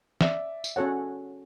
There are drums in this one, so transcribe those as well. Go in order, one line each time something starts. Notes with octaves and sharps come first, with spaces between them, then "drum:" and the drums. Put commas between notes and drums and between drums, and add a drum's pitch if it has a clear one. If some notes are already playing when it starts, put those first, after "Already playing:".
D5 E5, drum: snare
drum: tambourine
C#4 F#4 A4 C#5 F#5